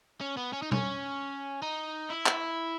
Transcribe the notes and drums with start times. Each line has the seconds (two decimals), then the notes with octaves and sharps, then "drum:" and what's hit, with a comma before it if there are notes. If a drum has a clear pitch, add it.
0.21 C#4
0.37 B3
0.53 C#4
0.62 D#4
0.72 C#4, drum: tom B2
1.62 D#4
2.10 E4
2.26 drum: clap